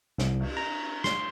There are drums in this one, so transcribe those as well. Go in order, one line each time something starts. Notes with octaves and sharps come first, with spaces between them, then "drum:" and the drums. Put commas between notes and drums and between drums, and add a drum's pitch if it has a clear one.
C2, drum: snare
drum: cymbal
A#5
C6, drum: snare